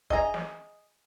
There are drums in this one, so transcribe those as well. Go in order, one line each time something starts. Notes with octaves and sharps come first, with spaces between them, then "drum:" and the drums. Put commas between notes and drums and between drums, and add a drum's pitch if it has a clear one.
G#4 D#5 E5 G#5 A#5, drum: kick
drum: snare